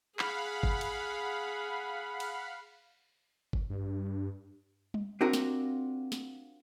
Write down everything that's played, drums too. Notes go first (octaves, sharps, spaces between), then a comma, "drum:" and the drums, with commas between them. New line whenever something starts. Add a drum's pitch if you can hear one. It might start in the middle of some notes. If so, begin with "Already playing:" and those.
G#4 F5 F#5 B5, drum: clap
drum: kick
drum: cymbal
drum: cymbal
drum: kick
G2
drum: tom G3
C4 D4 F4 F#4 A#4
drum: snare
drum: snare